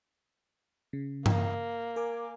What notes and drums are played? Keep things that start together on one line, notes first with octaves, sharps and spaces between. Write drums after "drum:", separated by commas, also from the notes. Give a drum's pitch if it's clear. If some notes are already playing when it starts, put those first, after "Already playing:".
C#3
A#3, drum: tom G2
A#4 G#5 D6